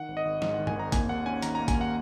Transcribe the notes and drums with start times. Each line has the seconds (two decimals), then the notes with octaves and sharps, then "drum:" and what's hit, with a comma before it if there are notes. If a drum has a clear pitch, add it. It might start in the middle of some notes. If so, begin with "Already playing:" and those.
Already playing: D#3 F#5
0.08 G#1
0.17 D#5
0.25 G#1
0.42 G#2 D#5, drum: snare
0.54 D#3 F#5
0.67 G#5, drum: tom G2
0.76 G#1 A#5
0.92 A#3 G#5, drum: kick A1, hi-hat
1.09 D#2 F#5
1.26 C#4 G#5
1.42 D#3 A#5, drum: hi-hat
1.55 A#3 A#5
1.68 G#5, drum: kick A1, hi-hat
1.76 D#2 F#5